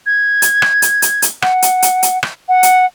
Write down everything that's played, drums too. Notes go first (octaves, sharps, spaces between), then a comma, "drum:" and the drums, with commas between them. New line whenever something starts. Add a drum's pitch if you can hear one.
G#6
drum: hi-hat
drum: rim click
drum: hi-hat
drum: hi-hat
drum: hi-hat
F#5, drum: rim click
drum: hi-hat
drum: hi-hat
drum: hi-hat
drum: rim click
F#5
drum: hi-hat